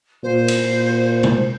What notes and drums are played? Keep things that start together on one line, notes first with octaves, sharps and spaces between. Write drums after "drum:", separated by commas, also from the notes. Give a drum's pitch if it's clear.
A#2 C5
drum: cymbal
A#2
drum: tom B2